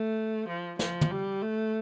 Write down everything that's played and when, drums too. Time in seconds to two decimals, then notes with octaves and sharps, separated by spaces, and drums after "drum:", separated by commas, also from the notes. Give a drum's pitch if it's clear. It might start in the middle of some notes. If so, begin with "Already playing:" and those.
Already playing: A3
0.48 F3
0.79 F3, drum: snare
1.01 drum: tom
1.11 G3
1.42 A3